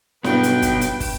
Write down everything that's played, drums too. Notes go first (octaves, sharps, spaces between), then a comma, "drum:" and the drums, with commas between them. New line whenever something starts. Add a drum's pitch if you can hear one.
G2 B2 F#3 B3 B4 G5, drum: snare E4
drum: hi-hat
drum: kick, hi-hat
drum: hi-hat
drum: kick, open hi-hat